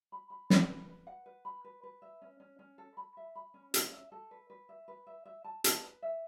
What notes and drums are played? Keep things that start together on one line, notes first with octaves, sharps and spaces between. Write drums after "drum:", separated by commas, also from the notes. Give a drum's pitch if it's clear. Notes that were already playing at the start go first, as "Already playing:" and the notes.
B5
B5
B5, drum: snare
B4
B4
F#5
B4
B5
B4
B4
E5
C#4
C#4
C#4
A4
B5
E5
B5
C#4
C#4, drum: hi-hat
E5
A4
B4
B4
E5
B4
E5
E5
A5
A5, drum: hi-hat
B4
E5